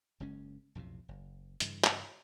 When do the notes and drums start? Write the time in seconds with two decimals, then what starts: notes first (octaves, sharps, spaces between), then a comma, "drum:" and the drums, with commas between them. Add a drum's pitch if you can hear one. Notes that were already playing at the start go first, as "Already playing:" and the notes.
0.20 F#1 C#3 G#3 C#4
0.75 B1 F2 A2 C3
1.09 F#1
1.60 G2 C#3 E3, drum: hi-hat
1.84 drum: clap